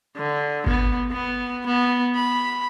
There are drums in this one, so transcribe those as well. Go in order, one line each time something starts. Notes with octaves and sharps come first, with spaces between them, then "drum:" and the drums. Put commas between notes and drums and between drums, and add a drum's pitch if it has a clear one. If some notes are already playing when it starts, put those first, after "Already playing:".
D3
B3, drum: kick G1
B3
B3
B5